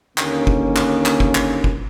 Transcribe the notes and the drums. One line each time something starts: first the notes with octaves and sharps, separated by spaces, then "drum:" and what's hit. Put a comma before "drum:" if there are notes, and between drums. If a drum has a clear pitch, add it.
D#2 D3 A#3 C#4, drum: clap
drum: kick
drum: clap
drum: clap
drum: kick
drum: clap
drum: kick